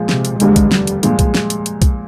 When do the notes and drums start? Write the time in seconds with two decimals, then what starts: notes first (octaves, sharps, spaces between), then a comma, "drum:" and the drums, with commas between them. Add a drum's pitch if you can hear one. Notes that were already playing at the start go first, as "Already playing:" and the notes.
Already playing: A#2 F3 G#3
0.09 C3, drum: snare
0.25 drum: hi-hat
0.40 F1 D#2 D3 G3 G#3, drum: hi-hat
0.56 drum: kick, hi-hat
0.72 G3, drum: snare
0.87 drum: hi-hat
1.03 A#2 F3 G#3, drum: hi-hat
1.19 drum: kick, hi-hat
1.34 drum: snare
1.50 drum: hi-hat
1.66 drum: hi-hat
1.82 drum: kick, hi-hat